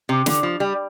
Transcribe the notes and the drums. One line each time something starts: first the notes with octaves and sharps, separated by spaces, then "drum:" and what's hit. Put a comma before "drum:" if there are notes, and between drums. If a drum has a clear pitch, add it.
C3
D3, drum: snare
F3
G3